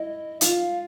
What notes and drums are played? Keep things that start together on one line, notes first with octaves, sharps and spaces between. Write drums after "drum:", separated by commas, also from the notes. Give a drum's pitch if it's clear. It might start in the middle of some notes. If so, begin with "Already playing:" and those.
Already playing: E4 D#5
F4 F5, drum: hi-hat